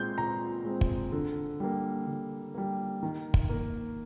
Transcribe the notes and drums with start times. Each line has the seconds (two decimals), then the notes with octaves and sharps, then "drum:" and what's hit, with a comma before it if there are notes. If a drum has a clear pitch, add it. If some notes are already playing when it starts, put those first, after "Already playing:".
Already playing: A#2 G#3 C4 G6
0.18 A#2 A#5
0.65 G#3 C4
0.81 drum: kick
1.12 D3
1.60 G3 A#3
2.07 D3
2.54 G3 A#3
3.03 D#3
3.34 drum: kick
3.49 A#3